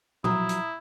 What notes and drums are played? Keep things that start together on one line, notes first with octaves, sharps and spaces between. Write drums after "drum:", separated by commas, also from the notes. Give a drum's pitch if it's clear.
F3 F#3 E4 A#5 D#6, drum: tom A#2
drum: hi-hat